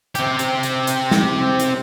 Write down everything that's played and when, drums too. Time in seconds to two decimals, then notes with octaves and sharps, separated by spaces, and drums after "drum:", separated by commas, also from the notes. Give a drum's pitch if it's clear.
0.15 C4 G4, drum: hi-hat
0.39 drum: hi-hat
0.63 drum: hi-hat
0.87 drum: hi-hat
1.11 drum: snare
1.60 drum: hi-hat